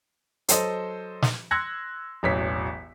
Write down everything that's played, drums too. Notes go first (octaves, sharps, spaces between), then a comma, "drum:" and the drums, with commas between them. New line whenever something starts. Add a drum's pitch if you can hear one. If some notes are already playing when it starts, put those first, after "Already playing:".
F#3 A4 C5 D#5, drum: hi-hat
drum: snare
C6 E6 F#6 G#6 A#6 C#7
E1 A1 F#3 B6